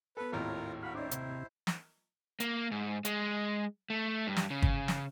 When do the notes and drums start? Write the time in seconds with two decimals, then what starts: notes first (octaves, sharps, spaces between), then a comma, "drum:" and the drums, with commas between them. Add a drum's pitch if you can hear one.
0.17 B3 A4 B4
0.32 G#1 D#2 A2 F4 A#4
0.83 F#4 F5 B5
0.95 C#4 D#4 E4 C5 D5
1.11 C3, drum: hi-hat
1.67 drum: snare
2.40 A#3, drum: hi-hat
2.71 G#2
3.05 G#3, drum: hi-hat
3.90 A3
4.27 G2
4.36 drum: snare
4.50 C#3
4.62 drum: kick
4.88 drum: snare